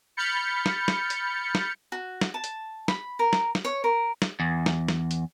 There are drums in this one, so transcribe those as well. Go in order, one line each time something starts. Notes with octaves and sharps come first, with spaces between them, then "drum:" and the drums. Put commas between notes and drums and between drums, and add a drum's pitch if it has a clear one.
B5 F6 G6 A6 C#7
drum: snare
drum: snare
drum: hi-hat
drum: snare
F#4
drum: snare
A5
drum: hi-hat
B5, drum: snare
A#4
drum: snare
drum: snare
C#5
A#4
drum: snare
E2
drum: snare
drum: snare
drum: hi-hat